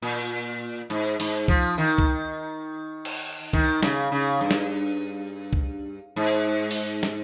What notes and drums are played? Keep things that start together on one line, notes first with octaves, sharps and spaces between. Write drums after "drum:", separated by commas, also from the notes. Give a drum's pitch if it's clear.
A#2
G#2, drum: hi-hat
G#2, drum: open hi-hat
F3, drum: kick C2
D#3
drum: kick C2
drum: cymbal
D#3, drum: kick C2
C#3, drum: snare
C#3
G2
drum: snare
drum: kick C2
G#2
drum: open hi-hat
drum: snare